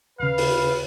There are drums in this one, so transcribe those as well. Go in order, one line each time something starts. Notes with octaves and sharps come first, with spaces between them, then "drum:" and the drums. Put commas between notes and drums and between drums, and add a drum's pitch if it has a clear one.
D#2 C#3 B4 F5
drum: open hi-hat